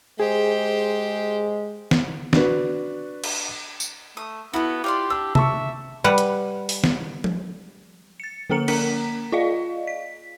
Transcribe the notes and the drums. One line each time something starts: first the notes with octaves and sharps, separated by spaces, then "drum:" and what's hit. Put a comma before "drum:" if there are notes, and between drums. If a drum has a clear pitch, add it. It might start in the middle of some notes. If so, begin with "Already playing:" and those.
G#3 G4 G#4 C5
drum: snare
D4 F#4 B4, drum: snare
drum: cymbal
drum: tambourine
A3 D#6
B3 E4 F#4 A4
F4 G4 D5 C6
D4 E6
E5 A5 C#6, drum: tom C3
G3 B4 F#5
drum: hi-hat
drum: open hi-hat
drum: snare
drum: tom F3
A6 C#7
D3 A#3 A4 A#5 C#7
A#3 A#4 A#5 B6, drum: cymbal
F4 D5 D#5 F5
B6